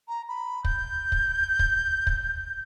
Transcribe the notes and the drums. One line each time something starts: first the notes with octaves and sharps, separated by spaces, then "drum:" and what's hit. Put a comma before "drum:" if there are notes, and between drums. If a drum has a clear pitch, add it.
A#5
B5
G6, drum: kick
drum: kick
drum: kick
drum: kick